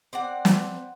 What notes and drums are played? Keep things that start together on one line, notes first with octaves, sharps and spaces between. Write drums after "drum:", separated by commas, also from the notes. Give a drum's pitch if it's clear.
C4 D5 F#5
drum: snare